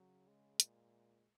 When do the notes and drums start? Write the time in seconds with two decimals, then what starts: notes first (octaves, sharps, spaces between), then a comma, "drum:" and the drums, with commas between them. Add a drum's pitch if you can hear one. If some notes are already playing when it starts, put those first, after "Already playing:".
Already playing: C#3 F#3
0.28 G#3
0.60 A#2, drum: hi-hat